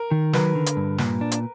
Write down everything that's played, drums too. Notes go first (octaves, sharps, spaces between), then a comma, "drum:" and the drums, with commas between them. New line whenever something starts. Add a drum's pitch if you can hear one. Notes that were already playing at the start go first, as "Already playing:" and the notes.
Already playing: A#4
D#3
F#3 B4, drum: snare
D3
drum: hi-hat
G2
A#2, drum: snare
D4
drum: hi-hat